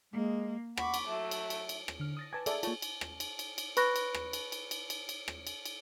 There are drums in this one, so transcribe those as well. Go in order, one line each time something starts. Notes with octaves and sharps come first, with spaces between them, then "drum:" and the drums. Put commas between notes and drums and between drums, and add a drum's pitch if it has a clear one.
G#3 A#3
F#5 B5 C#6 D6, drum: rim click
drum: cymbal
F#3 A3 E5
drum: cymbal
drum: cymbal
drum: cymbal
drum: rim click
D3 F6
D#6 A6 A#6
B4 G#5 A5 D6 G#6
G#4 A4 D5 E5, drum: cymbal
A#3 F4 C#5 A5, drum: cymbal
drum: cymbal
drum: rim click
drum: cymbal
drum: cymbal
drum: cymbal
B4 B5 C#6 F#6 A#6, drum: cymbal
drum: cymbal
drum: rim click
drum: cymbal
drum: cymbal
drum: cymbal
drum: cymbal
drum: cymbal
drum: rim click
drum: cymbal
drum: cymbal